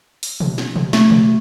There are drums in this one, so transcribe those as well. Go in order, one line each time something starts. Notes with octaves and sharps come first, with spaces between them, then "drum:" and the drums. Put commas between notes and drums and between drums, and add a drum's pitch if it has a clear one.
drum: open hi-hat
drum: tom B2
drum: snare
drum: tom B2
A3, drum: snare
drum: tom B2